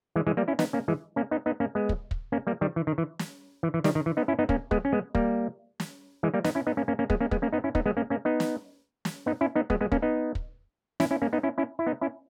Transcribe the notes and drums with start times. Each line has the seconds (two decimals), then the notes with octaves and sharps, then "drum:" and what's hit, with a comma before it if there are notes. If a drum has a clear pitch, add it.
0.16 E3 G#3
0.27 E3 G#3
0.37 G3 A#3
0.48 C#4 E4
0.59 B3 D#4, drum: snare
0.73 A#3 C#4
0.88 E3 G#3
1.16 A#3 C#4
1.31 B3 D#4
1.46 B3 D#4
1.60 A#3 C#4
1.75 G#3 B3
1.89 drum: kick
2.11 drum: kick
2.32 A#3 C#4
2.47 G3 A#3
2.61 D#3 G3
2.76 E3
2.87 D#3
2.98 E3
3.19 drum: snare
3.63 E3
3.74 E3
3.84 D#3 G3, drum: snare
3.95 D#3
4.06 E3
4.17 B3 D#4
4.28 C#4 E4
4.39 B3 D#4
4.49 A#3 C#4, drum: kick
4.71 G#3 B3, drum: kick
4.85 C#4
4.93 G#3 B3
5.15 G3 A#3, drum: kick
5.80 drum: snare
6.23 E3 G#3
6.34 G3 A#3
6.44 B3 D#4, drum: snare
6.55 C#4 E4
6.67 B3 D#4
6.77 A#3 C#4
6.88 A#3 C#4
6.99 A#3 C#4
7.10 G#3 B3, drum: kick
7.21 A#3 C#4
7.31 G#3 B3, drum: kick
7.42 A#3 C#4
7.53 B3 D#4
7.64 C#4 E4
7.75 B3 D#4, drum: kick
7.86 G#3 B3
7.97 A#3 C#4
8.10 A#3 C#4
8.25 B3 D#4
8.40 drum: snare
9.05 drum: snare
9.26 B3 D#4
9.41 C#4 E4
9.56 B3 D#4
9.70 G#3 B3, drum: kick
9.81 G#3 B3
9.92 A#3 C#4, drum: kick
10.02 B3 D#4
10.35 drum: kick
11.00 C#4 E4, drum: snare
11.11 C#4 E4
11.22 A#3 C#4
11.33 B3 D#4
11.43 C#4 E4
11.58 C#4 E4
11.79 E4
11.87 B3 D#4
12.01 C#4 E4